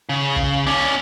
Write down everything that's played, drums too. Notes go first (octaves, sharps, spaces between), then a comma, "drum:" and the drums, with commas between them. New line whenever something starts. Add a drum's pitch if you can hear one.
C#3
drum: kick
C#4 D5